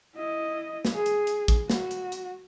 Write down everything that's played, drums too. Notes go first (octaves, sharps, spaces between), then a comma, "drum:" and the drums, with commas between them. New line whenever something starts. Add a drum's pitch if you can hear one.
E4 D#5
drum: snare
G#4
drum: hi-hat
drum: hi-hat
drum: kick, hi-hat
F#4, drum: snare
drum: hi-hat
drum: hi-hat